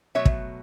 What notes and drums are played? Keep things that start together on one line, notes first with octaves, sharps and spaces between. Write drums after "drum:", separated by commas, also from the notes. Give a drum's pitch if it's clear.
B2 F#3 A3 C#5 E5
drum: kick